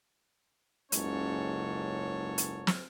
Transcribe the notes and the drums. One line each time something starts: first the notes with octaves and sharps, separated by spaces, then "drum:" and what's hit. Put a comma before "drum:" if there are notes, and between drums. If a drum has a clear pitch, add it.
F#1 C#2 G#2 C#4 A4 C#5, drum: hi-hat
drum: hi-hat
drum: snare